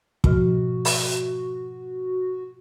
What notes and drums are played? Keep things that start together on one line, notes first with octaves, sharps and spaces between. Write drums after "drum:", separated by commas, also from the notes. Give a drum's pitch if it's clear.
G#2 B2 F3 F#4, drum: kick
drum: open hi-hat